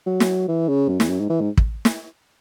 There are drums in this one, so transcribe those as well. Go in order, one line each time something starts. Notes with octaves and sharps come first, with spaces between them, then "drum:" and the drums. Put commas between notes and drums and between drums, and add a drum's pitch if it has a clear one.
F#3
drum: snare
E3
C#3
F#2
E2, drum: snare
F#2
G#2
E3
G#2
drum: kick
drum: snare